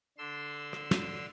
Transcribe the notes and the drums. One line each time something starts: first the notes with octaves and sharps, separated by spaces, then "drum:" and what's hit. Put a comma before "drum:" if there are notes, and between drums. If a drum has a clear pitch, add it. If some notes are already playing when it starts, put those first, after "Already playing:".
D3 D4 C6 E6
drum: rim click
drum: snare